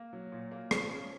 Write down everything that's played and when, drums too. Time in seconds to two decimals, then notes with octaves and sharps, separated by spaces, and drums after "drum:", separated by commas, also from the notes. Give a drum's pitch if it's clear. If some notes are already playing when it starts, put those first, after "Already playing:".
Already playing: A#3
0.13 F#3
0.32 A#2
0.51 A#3
0.71 F3, drum: rim click
0.90 C#4